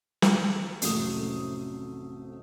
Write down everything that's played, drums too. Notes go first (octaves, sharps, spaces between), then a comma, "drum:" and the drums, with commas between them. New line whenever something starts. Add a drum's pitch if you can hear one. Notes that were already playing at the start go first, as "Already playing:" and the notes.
drum: snare
A1 F2 C3 F#3 A3 D#6, drum: hi-hat